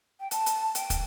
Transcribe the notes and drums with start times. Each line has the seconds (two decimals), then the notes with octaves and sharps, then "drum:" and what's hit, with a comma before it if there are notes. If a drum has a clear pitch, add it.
0.20 G5
0.31 A5, drum: hi-hat
0.46 drum: hi-hat
0.75 G5, drum: hi-hat
0.90 drum: kick, hi-hat